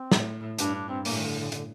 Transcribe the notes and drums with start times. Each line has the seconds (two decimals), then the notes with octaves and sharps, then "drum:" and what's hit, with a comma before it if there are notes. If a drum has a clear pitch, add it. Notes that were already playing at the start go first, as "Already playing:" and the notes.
Already playing: C4
0.12 A2, drum: snare
0.59 G2 D4, drum: hi-hat
0.75 D4
0.89 C4
1.05 A2 A#3, drum: open hi-hat
1.17 D#3
1.28 D3
1.40 D3
1.52 D3, drum: hi-hat